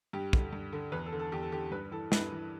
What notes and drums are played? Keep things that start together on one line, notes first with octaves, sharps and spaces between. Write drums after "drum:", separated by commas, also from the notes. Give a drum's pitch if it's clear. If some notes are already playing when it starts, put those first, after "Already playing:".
G2 G4
D3, drum: kick
G2
D3
E2 B4
A4
D3
A4
E2 G4
A4
D3 G4
G2 B4
E3 A4
G2 B4, drum: snare
E3